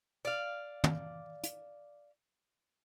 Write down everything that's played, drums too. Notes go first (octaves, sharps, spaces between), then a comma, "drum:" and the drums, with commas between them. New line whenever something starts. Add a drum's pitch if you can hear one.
D5 F5
drum: tom
drum: hi-hat